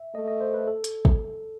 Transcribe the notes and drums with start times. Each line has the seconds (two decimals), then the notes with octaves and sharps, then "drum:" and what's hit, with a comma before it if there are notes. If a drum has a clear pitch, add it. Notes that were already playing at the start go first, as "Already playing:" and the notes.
Already playing: E5
0.15 A3 D#5
0.28 D#5
0.41 C5
0.54 B4
0.67 A4
0.84 drum: hi-hat
1.05 drum: kick